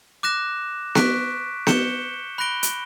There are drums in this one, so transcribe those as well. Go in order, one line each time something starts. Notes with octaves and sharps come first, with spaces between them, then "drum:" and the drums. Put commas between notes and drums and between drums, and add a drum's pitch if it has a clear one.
D6 F#6 A#6 E7
C#6 F#6 B6 D7, drum: snare B3
G6 C#7 E7 G7, drum: snare B3
B5 F#6 A#6 D7 G7
drum: hi-hat